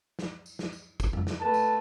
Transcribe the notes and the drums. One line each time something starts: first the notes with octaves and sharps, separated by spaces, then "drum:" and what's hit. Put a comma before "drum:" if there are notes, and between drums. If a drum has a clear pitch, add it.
drum: snare
drum: tambourine
drum: snare
drum: tambourine
drum: kick, tambourine
drum: tom F2
drum: snare
A3 B4 A5
drum: tambourine